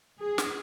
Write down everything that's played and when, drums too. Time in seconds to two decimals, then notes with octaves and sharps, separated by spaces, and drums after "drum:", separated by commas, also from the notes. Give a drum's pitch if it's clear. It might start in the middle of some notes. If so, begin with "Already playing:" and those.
0.19 G#4
0.38 drum: snare